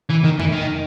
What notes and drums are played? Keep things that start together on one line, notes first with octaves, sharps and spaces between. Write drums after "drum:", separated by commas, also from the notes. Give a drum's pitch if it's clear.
E3
D#3
E3, drum: tom F2
D#3